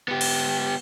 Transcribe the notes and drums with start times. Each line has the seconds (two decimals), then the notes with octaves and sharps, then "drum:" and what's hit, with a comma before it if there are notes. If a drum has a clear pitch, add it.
0.08 B3 G4
0.21 drum: cymbal